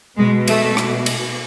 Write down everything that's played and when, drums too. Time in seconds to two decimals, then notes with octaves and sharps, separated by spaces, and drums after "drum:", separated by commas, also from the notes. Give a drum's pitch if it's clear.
0.18 B2 G#3
0.48 A3, drum: cymbal
0.77 drum: rim click
1.06 drum: cymbal